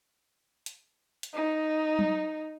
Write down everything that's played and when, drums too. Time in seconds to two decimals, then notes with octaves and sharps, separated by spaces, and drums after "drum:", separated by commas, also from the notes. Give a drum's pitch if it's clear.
0.66 drum: hi-hat
1.23 drum: hi-hat
1.34 D#4
1.99 drum: tom F#3